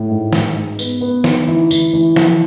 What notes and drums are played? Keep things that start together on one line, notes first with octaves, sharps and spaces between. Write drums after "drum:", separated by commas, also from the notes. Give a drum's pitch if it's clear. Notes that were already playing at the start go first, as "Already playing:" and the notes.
Already playing: A2
G#2
G#2, drum: snare
G#2
B3, drum: tambourine
B3
D#4, drum: snare
E3
E3, drum: tambourine
E3
F3, drum: snare